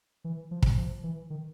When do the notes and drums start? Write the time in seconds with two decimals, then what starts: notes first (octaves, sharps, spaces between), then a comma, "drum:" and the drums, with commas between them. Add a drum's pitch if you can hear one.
0.24 E3
0.51 F3
0.62 drum: kick
0.77 F3
1.03 E3
1.30 D#3